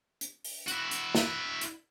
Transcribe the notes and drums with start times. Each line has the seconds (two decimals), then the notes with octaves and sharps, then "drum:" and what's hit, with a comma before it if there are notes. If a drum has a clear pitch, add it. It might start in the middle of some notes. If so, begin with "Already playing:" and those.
0.21 drum: hi-hat
0.44 drum: open hi-hat
0.68 E4 F#4, drum: hi-hat
0.91 drum: hi-hat
1.15 drum: snare
1.61 drum: hi-hat